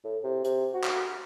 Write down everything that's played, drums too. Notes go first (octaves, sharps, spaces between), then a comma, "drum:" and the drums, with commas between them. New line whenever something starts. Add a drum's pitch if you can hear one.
A2
C3
C3, drum: hi-hat
F#4
drum: clap